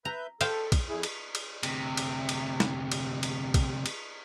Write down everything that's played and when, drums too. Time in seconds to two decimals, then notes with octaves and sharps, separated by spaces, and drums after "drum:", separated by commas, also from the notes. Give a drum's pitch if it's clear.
0.05 B4 E5 A#5 G6
0.41 A4 C5 F5 G5, drum: cymbal
0.72 drum: kick, cymbal
0.89 F2 E4 G#4
1.03 drum: cymbal
1.35 drum: cymbal
1.63 D2 C3, drum: cymbal
1.97 drum: cymbal
2.29 drum: cymbal
2.60 drum: snare
2.92 drum: cymbal
3.23 drum: cymbal
3.54 drum: kick, cymbal
3.86 drum: cymbal